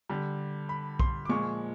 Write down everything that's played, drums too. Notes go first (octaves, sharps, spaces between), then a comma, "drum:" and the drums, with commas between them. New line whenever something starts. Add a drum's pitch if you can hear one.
D3 G3
B5
C6, drum: kick B1
D6
A#2 F3 G#3 C#6